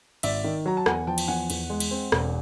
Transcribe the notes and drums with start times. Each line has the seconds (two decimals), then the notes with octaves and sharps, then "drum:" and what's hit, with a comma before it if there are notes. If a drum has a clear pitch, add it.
0.23 G#1 D5 E5, drum: cymbal
0.44 D#3
0.66 F#3 A#5
0.77 A5
0.86 E2 F#5 G#5, drum: rim click
1.07 F3 G5 A5
1.18 drum: cymbal
1.28 E2 F#5 G#5
1.50 E2, drum: cymbal
1.70 G#3
1.80 drum: cymbal
1.91 C4
2.12 E1, drum: rim click